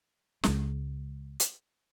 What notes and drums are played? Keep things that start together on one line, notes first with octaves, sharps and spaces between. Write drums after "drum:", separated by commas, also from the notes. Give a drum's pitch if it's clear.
C#2 G#3, drum: snare
drum: hi-hat